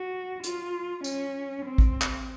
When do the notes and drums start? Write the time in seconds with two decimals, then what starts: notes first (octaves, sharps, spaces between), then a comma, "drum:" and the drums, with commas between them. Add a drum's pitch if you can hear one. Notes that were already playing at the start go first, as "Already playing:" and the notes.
Already playing: F#4
0.44 F4, drum: hi-hat
1.04 C#4, drum: tambourine
1.65 C4
1.78 drum: kick
2.01 drum: clap